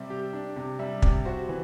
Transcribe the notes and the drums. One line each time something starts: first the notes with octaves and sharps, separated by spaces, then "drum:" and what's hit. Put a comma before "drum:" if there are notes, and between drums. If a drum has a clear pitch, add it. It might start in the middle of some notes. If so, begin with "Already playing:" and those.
Already playing: C3 G3 C4 C5 D5 E5
G4
D4
C3
G3 E5
C3 D5, drum: kick
F#4 C5
E3 B4